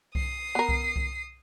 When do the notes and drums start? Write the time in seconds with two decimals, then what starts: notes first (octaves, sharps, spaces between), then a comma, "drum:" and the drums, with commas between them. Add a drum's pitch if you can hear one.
0.15 D#6 C7, drum: kick C2
0.55 B3 A#4
0.69 drum: kick C2
0.96 drum: kick C2